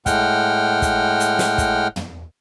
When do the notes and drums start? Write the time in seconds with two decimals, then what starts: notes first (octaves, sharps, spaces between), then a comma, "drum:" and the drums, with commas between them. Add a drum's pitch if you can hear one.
0.06 A2 G#3 F#5 G5 F6, drum: kick, hi-hat
0.82 drum: kick, hi-hat
1.20 drum: hi-hat
1.39 drum: snare
1.58 drum: kick, hi-hat
1.96 drum: tom